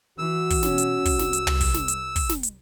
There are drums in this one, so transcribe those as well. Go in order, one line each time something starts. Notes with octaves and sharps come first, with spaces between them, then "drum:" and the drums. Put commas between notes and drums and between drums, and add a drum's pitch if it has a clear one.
E3 F#4 E6
drum: kick, open hi-hat
B2 C#4, drum: snare
drum: hi-hat
C2, drum: kick, open hi-hat
drum: snare
drum: hi-hat
drum: tom
drum: kick, open hi-hat
drum: snare
drum: hi-hat
drum: kick, open hi-hat
drum: snare
drum: hi-hat